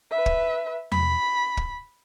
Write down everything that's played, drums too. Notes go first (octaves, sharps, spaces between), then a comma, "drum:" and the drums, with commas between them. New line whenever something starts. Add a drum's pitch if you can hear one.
B4 E5
drum: kick
B5, drum: tom E2
drum: kick